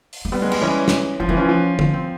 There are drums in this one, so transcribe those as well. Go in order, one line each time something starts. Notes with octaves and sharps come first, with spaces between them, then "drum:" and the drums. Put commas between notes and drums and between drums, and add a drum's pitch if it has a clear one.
drum: open hi-hat
A#3
G3 B3
G#3
G3, drum: cymbal
E3 C#4
drum: snare
F3 C#4
E3 C4
F3 C#4
F3
C#4, drum: tom
C4